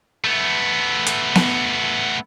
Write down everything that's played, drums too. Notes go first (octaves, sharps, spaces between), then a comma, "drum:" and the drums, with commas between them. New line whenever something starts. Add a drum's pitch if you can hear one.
A3 B3
drum: hi-hat
drum: snare B3